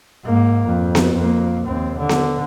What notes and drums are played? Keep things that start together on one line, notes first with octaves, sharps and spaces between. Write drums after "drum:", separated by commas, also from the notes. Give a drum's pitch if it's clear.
G#2 A#3
F2
drum: snare B3
F2 A#3
D#2 C4
D3
drum: snare B3